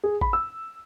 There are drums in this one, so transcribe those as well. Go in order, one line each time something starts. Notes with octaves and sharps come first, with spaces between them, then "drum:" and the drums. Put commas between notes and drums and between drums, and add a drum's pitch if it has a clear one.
G#4
B5, drum: kick A1
E6